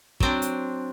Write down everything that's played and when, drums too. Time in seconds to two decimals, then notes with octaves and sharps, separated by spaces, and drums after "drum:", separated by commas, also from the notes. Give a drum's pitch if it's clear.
0.20 F#3 C4 D4, drum: kick
0.42 drum: hi-hat